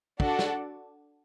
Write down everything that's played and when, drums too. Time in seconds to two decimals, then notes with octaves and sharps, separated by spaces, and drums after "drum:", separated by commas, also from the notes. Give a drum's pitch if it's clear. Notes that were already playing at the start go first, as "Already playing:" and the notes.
0.20 D4 F#4 A4 D5 F#5, drum: kick
0.39 drum: snare